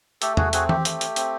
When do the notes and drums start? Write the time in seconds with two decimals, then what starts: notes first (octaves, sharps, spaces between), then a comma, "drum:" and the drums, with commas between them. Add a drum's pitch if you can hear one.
0.22 A3 G4 A4, drum: hi-hat
0.37 F#4 G#4, drum: tom E2
0.53 C4 F#4 G#4, drum: hi-hat
0.69 G4, drum: tom E3
0.85 A3, drum: hi-hat
1.01 drum: hi-hat
1.16 C4, drum: hi-hat